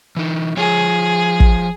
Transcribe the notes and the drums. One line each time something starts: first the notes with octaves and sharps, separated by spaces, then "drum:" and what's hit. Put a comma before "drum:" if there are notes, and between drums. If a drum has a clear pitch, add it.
E3 D#4
F3 F4 G#4 C#5
drum: kick